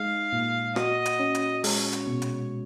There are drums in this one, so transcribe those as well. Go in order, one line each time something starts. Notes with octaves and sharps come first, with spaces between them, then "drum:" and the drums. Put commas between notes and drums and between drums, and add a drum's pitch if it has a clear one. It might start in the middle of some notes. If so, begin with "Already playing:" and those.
Already playing: G#3 D#4 F5
A#2
F#4 D#5, drum: rim click
drum: hi-hat
C#4
drum: hi-hat
G#3 C#5, drum: open hi-hat
drum: hi-hat
B2
drum: hi-hat